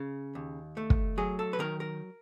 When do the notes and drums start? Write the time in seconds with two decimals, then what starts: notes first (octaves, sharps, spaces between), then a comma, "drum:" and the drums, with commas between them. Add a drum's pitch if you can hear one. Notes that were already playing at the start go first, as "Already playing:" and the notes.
Already playing: C#3
0.35 D#2
0.77 A3
0.90 drum: kick
1.18 F#3 G#4
1.39 A4
1.53 B4
1.59 D#3 A#4
1.80 A#4